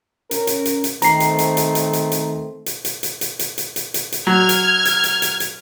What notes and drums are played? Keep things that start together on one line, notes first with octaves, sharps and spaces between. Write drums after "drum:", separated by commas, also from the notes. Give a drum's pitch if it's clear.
C#4 A#4, drum: hi-hat
drum: hi-hat
drum: hi-hat
drum: hi-hat
D#3 A3 C4 A#5 C7, drum: hi-hat
drum: hi-hat
drum: hi-hat
drum: hi-hat
drum: hi-hat
drum: hi-hat
drum: hi-hat
drum: hi-hat
drum: hi-hat
drum: hi-hat
drum: hi-hat
drum: hi-hat
drum: hi-hat
drum: hi-hat
drum: hi-hat
drum: hi-hat
F#3 F6 G#6
drum: hi-hat
drum: hi-hat
drum: hi-hat
drum: hi-hat
drum: hi-hat